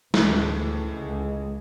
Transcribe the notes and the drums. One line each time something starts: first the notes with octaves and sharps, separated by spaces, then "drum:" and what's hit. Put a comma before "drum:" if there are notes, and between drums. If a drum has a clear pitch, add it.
D2 A2 C#3 E3, drum: snare
C#2 G#3